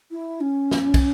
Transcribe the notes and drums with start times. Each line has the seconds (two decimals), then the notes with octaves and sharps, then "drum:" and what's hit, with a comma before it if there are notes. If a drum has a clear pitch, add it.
0.11 E4
0.41 C#4
0.71 drum: snare
0.94 drum: kick, cymbal